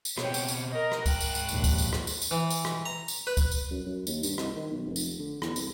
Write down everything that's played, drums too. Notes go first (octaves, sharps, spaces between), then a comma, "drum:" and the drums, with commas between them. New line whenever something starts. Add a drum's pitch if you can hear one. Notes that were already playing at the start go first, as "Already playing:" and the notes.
drum: tambourine
B2 C4 C#5 G5, drum: rim click
drum: tambourine
drum: tambourine
A#4 D#5
drum: rim click
G#2 G5 F#6, drum: kick, tambourine
drum: tambourine
drum: tambourine
A#1 D#2, drum: tambourine
drum: kick, tambourine
drum: tambourine
drum: rim click
drum: tambourine
drum: tambourine
E3
drum: tambourine
drum: rim click
A#5
drum: tambourine
B4
drum: kick, tambourine
drum: tambourine
F#2
F#2
D#2, drum: tambourine
G2, drum: tambourine
C2, drum: rim click
D#3
B1
F1
drum: tambourine
D3
E2, drum: rim click
C2, drum: tambourine